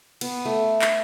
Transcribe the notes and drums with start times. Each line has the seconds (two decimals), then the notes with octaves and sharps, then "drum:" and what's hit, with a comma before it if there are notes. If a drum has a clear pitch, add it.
0.21 B3, drum: cymbal
0.45 A3
0.82 drum: clap